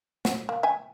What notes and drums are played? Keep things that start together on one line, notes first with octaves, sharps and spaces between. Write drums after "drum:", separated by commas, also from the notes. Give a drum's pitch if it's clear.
F#4, drum: snare
A#3
E5 G5 G#5